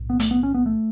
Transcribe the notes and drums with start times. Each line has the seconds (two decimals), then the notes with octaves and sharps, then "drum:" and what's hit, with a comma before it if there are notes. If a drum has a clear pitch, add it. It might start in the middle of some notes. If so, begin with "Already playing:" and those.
Already playing: B1 A2
0.10 B3
0.20 A3, drum: hi-hat
0.31 B3
0.43 C#4
0.54 B3
0.66 A3